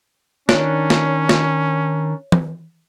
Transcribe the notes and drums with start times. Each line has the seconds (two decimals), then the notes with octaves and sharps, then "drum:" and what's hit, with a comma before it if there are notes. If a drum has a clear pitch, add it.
0.49 D#3 C#4 D4 C#5, drum: snare
0.90 drum: snare
1.29 drum: snare
2.32 drum: tom E3